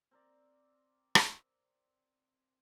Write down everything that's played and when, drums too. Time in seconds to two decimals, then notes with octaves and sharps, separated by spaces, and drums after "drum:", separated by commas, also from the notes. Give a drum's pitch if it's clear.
0.11 C4 A#4 D5
1.15 drum: rim click